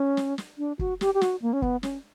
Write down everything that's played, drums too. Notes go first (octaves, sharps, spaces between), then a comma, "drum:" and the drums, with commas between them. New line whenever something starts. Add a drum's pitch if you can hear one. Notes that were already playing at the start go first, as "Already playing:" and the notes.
Already playing: C#4
drum: snare
drum: snare
D4
F#4, drum: kick
G4, drum: snare
G4
F#4, drum: snare
A#3
C#4
B3, drum: kick
C#4, drum: snare